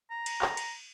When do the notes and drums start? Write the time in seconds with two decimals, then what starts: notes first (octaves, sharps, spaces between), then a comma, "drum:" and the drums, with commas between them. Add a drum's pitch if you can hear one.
0.11 A#5
0.26 drum: cymbal
0.42 drum: clap
0.57 drum: cymbal